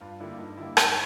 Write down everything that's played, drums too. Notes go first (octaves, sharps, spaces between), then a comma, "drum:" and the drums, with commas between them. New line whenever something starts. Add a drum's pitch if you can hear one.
G2 F4
D3 G3 A#3 E4
G2 D#4
D3 G3 A#3 E4
G2 D#4, drum: rim click